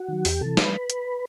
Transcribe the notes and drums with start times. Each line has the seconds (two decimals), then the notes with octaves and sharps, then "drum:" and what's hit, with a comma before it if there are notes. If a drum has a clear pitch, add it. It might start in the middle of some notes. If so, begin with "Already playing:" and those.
Already playing: F#4 F#5
0.08 D#3 F#3
0.25 E2 G4 G5, drum: open hi-hat
0.41 C3 E3 A4 A5
0.57 B4 B5, drum: snare
0.90 drum: hi-hat